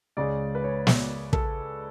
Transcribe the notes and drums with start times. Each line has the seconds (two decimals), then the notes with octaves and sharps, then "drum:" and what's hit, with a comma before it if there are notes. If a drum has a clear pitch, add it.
0.17 C#2 C#3 G#3 D5
0.55 B4
0.64 C#5
0.87 drum: snare
1.33 A4, drum: kick